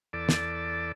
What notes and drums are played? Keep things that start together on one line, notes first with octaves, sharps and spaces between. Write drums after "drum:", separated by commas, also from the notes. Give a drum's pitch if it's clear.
E2 A4 D5
drum: snare